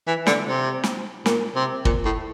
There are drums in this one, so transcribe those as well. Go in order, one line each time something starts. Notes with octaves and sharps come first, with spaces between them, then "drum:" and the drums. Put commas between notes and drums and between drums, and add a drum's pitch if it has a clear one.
E3
D3, drum: snare
C3
drum: snare
A#2, drum: snare
C3
A#2, drum: kick
A2